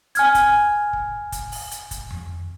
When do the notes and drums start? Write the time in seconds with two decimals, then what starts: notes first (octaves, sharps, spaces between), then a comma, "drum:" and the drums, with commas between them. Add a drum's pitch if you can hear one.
0.15 G#5 F6 G#6, drum: hi-hat
0.35 drum: kick, hi-hat
0.93 drum: kick
1.32 drum: kick, hi-hat
1.52 drum: open hi-hat
1.71 drum: hi-hat
1.91 drum: kick, hi-hat
2.10 drum: tom F2